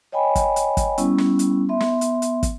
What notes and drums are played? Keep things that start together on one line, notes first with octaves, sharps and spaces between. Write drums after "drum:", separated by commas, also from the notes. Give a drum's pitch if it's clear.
C#5 D#5 G5 G#5 B5
drum: kick, hi-hat
drum: hi-hat
drum: kick, hi-hat
G3 B3 C#4 E4, drum: hi-hat
drum: snare
drum: hi-hat
B3 E5 C6
drum: snare
drum: hi-hat
drum: hi-hat
drum: kick, hi-hat